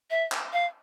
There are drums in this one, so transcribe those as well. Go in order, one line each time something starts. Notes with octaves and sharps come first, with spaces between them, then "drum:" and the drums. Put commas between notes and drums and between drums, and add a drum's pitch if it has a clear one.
E5
drum: clap
F5